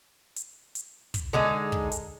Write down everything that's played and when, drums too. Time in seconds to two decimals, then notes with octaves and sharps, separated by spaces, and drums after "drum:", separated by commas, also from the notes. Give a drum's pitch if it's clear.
0.36 drum: hi-hat
0.75 drum: hi-hat
1.14 drum: kick, hi-hat
1.33 D3 G#3 D#4
1.72 drum: kick
1.92 drum: hi-hat